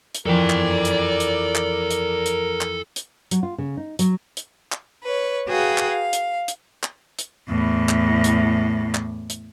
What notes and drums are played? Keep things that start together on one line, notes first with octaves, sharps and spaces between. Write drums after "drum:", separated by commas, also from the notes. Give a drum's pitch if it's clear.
drum: hi-hat
F2 E3 F3 A4 A#4 D5 G5
drum: clap
drum: hi-hat
drum: hi-hat
drum: clap
drum: hi-hat
drum: hi-hat
drum: clap
drum: hi-hat
F#3, drum: hi-hat
F4
C#3
D#4
F#3, drum: hi-hat
drum: hi-hat
drum: clap
B4 C#5
F#4 G#4 B4 F5 G5
drum: clap
F5
drum: hi-hat
drum: hi-hat
drum: clap
drum: hi-hat
E2 A2
drum: clap
drum: hi-hat
drum: clap
drum: hi-hat